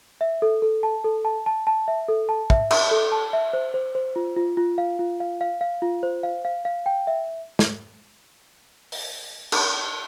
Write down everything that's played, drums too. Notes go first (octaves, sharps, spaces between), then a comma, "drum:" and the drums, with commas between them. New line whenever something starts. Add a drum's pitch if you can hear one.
E5
A4
A4
A5
A4
A5
A5
A5
E5
A4
A5
E5, drum: kick
E5, drum: cymbal
A4
A5
E5
C5
C5
C5
F4
F4
F4
F5
F4
F5
F5
F5
F4
C5
F5
F5
F5
G5
E5
drum: snare
drum: open hi-hat
drum: cymbal